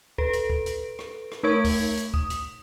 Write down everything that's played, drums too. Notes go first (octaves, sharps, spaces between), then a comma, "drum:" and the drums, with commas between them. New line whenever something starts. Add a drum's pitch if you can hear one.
A4 B4 D7, drum: kick
drum: hi-hat
drum: kick
drum: hi-hat
drum: rim click
drum: rim click
A3 D#4 A#4 C#5 C#6 G#6
drum: kick, open hi-hat
drum: hi-hat
D#6, drum: kick
drum: hi-hat